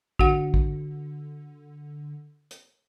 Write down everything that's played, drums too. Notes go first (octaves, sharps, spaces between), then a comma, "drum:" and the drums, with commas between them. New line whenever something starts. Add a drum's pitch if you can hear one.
D3 F#4 F#5, drum: kick
drum: kick
drum: hi-hat